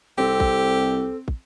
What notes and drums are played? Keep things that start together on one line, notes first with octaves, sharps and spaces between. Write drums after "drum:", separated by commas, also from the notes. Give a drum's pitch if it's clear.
C2 C4 G4 A4
drum: kick
drum: kick